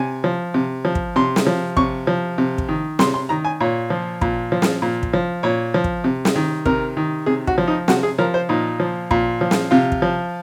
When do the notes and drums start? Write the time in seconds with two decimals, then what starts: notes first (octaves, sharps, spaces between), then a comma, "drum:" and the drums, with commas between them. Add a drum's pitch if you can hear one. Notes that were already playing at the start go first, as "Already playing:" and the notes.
Already playing: C3 G#5
0.24 F3
0.54 C3
0.85 F3
0.95 drum: kick
1.16 C3 C6
1.36 drum: snare
1.47 F3
1.77 C3 C#6, drum: kick
2.07 F3
2.38 C3
2.58 drum: kick
2.68 D#3
2.99 C3 C6, drum: snare
3.14 C6
3.29 D#3 A#5
3.45 G#5
3.60 A#2 C#5
3.90 F3
4.22 A#2, drum: kick
4.52 F3
4.62 drum: snare
4.82 A#2
5.03 drum: kick
5.13 F3
5.43 A#2 C#5
5.74 F3
5.84 drum: kick
6.04 C3
6.25 drum: snare
6.36 D#3
6.66 C3 A#4, drum: kick
6.97 D#3
7.26 C3 G#4
7.47 F#4, drum: kick
7.58 F3
7.68 D#4
7.88 C3 F#4, drum: snare
8.03 G#4
8.18 F3 A#4
8.34 C5
8.49 A#2 D#4
8.80 F3
9.11 A#2, drum: kick
9.41 F3
9.51 drum: snare
9.71 C3 F4
9.92 drum: kick
10.02 F3